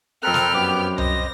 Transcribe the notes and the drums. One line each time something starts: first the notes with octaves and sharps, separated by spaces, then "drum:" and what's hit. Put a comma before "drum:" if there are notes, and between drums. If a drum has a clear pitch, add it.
F2 C4 A4 A#4 G5 B5 F6 F#6
drum: snare
F#2 B3 G4 D6
C5 D#5 A#6, drum: tom C2